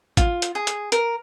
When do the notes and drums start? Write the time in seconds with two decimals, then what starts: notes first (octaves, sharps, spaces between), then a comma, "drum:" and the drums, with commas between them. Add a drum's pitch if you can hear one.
0.17 F4, drum: kick G#1, hi-hat
0.42 drum: hi-hat
0.55 G#4
0.67 drum: hi-hat
0.92 A#4, drum: hi-hat